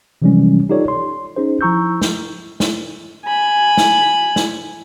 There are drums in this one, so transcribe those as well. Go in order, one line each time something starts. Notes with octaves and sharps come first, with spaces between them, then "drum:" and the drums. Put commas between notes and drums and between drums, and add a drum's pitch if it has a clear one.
C3 E3 F3 G3 G#3 C#4
D#4 F4 G4 A4 C#5 D5
C6
C#4 D#4 G#4 C5
F3 E4 A#5 C#6 E6 G6
drum: snare
drum: snare
G#5 B5
drum: snare
drum: snare